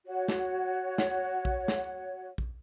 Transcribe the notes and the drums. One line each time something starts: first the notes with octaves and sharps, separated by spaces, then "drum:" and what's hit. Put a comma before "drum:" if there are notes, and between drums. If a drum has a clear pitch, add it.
F#4 C#5 F#5
drum: snare
drum: snare
drum: kick A#1
drum: snare
drum: kick A#1